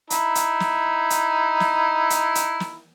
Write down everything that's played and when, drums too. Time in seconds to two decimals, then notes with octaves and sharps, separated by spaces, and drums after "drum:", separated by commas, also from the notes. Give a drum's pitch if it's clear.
0.10 D#4 E4, drum: hi-hat
0.35 drum: hi-hat
0.60 drum: snare
1.10 drum: hi-hat
1.60 drum: snare
2.10 drum: hi-hat
2.35 drum: hi-hat
2.60 drum: snare